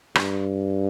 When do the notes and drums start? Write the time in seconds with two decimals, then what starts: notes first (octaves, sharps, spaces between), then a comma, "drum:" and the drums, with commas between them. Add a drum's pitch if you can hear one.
0.15 G2, drum: rim click